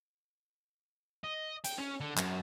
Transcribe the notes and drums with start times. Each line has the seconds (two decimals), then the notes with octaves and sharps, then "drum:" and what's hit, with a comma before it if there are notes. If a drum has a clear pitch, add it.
1.24 D#5
1.64 G5, drum: hi-hat
1.78 C#4
2.00 D3
2.17 F#2, drum: clap